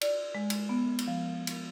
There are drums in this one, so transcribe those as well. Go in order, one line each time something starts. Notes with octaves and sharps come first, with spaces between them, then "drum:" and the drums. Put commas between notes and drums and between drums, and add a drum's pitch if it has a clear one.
D5, drum: cymbal
G#3
drum: cymbal
B3
drum: cymbal
F3
drum: cymbal